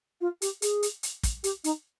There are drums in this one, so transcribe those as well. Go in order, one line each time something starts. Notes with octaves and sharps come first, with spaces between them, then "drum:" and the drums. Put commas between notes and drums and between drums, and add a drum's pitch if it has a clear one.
F4
G4, drum: hi-hat
G#4, drum: hi-hat
drum: hi-hat
drum: hi-hat
drum: kick, hi-hat
G4, drum: hi-hat
D#4, drum: hi-hat